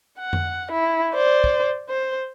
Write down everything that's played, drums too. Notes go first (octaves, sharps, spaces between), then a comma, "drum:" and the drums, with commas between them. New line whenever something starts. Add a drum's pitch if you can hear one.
F#5
drum: tom F2
E4
C5 D5
drum: kick
C5